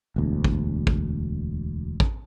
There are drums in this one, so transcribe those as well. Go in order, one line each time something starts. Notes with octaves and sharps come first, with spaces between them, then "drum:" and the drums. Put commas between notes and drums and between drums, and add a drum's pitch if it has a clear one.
E1 D2
drum: kick
drum: kick
drum: kick